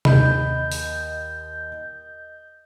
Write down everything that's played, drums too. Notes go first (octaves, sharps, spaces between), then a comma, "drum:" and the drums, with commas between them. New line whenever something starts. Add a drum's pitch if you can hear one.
D#2 D#5 B5 G6, drum: tom C3
drum: open hi-hat